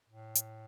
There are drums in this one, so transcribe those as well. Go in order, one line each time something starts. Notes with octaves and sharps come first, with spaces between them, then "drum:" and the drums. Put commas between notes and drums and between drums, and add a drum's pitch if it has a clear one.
A2
drum: hi-hat